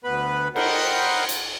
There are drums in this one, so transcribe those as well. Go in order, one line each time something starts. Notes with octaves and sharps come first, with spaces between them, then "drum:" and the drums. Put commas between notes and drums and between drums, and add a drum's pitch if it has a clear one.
D2 B3 B4 B5
A#4 C5 D#5 F#5 G5 B5, drum: cymbal
drum: hi-hat